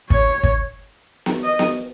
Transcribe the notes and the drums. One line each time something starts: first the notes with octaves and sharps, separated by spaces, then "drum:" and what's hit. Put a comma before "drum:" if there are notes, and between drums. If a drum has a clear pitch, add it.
C#5, drum: kick
drum: kick
drum: snare B3
D#5
drum: snare B3